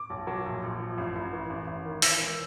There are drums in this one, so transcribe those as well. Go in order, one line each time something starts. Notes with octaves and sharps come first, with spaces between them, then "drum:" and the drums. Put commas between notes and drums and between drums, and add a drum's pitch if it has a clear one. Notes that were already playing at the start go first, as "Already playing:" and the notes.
Already playing: D6
B1
F#3
A#1
A#1
F3
A1
A1
E3
A1
A1
D#3
E3 E6, drum: open hi-hat
E1